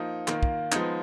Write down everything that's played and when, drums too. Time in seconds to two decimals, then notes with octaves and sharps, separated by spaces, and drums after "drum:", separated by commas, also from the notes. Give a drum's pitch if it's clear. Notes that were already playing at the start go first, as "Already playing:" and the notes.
Already playing: F3 A#3 D#4
0.28 D#3 A#3 F4, drum: clap
0.43 drum: kick
0.72 F3 G#3 B3 D#4, drum: clap